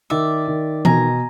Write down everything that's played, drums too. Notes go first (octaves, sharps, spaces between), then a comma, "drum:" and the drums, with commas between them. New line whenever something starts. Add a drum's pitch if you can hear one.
D#3 D5 E5
D#3
B2 G#5 A#5, drum: tom E3